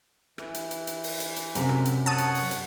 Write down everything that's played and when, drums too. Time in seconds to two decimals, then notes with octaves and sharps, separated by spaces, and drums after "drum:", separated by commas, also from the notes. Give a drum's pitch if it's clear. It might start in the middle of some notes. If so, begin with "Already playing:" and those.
0.38 E3, drum: rim click
0.54 drum: hi-hat
0.71 drum: hi-hat
0.87 drum: hi-hat
1.04 drum: open hi-hat
1.20 drum: hi-hat
1.36 drum: hi-hat
1.55 F#2 C3, drum: hi-hat
1.69 drum: rim click
1.85 drum: hi-hat
2.06 C#5 F#5 A5 D#6
2.18 drum: hi-hat
2.35 drum: open hi-hat
2.51 drum: hi-hat